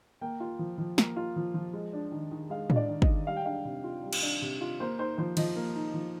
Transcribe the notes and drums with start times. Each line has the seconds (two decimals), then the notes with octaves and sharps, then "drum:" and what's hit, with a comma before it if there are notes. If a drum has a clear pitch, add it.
0.21 A#3 G5
0.40 F4
0.59 F3
0.78 F3
0.98 A#3, drum: snare
1.16 F4
1.36 F3
1.54 F3
1.73 G#3
1.93 D4
2.12 D#3
2.31 D#3
2.50 G#3 F5
2.70 D4, drum: tom A2
2.76 D5
2.88 D#3
3.02 D#5, drum: kick
3.07 D#3
3.27 G3 F5
3.37 G5
3.46 D4 F5
3.65 C3
3.84 F4
4.03 G3
4.13 drum: cymbal
4.22 D4
4.42 C3
4.61 F4
4.80 A#3 C5
4.99 D#4 C5
5.18 F3 C5
5.37 F3 D#5, drum: cymbal
5.56 A#3
5.75 D#4
5.94 F3